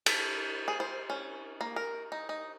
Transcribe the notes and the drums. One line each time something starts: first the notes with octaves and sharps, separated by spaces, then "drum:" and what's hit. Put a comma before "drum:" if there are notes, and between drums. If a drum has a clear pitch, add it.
A4, drum: cymbal
G#4
C5
C#4
A#3
A#4
D#4
D#4